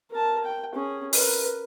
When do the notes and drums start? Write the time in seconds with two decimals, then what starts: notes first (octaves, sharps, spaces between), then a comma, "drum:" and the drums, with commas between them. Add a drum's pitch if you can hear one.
0.11 A#4 A5
0.45 G5
0.75 C#4 G#4
1.13 A#4 B4, drum: open hi-hat